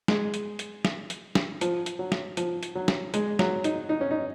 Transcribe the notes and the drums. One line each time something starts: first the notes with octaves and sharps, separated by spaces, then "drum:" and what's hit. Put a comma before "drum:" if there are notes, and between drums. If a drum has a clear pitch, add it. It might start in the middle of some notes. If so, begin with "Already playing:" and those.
G#3, drum: snare
drum: hi-hat
drum: hi-hat
drum: snare
drum: hi-hat
drum: snare
F3, drum: hi-hat
drum: hi-hat
F#3
drum: snare
F3, drum: hi-hat
drum: hi-hat
F#3
drum: snare
G#3, drum: hi-hat
F#3, drum: snare
D#4, drum: hi-hat
D#4
C#4
D#4